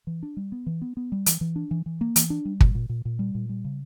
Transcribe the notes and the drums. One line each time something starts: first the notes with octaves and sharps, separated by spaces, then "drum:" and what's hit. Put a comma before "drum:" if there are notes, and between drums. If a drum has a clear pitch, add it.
E3
D4
G3
B3
E3
B3
B3
G3
E3, drum: hi-hat
E3
D4
E3
E3
A#3
E3, drum: hi-hat
D4
G3
A#2, drum: kick
A#2
A#2
A#2
G3
A#2
G3
C#3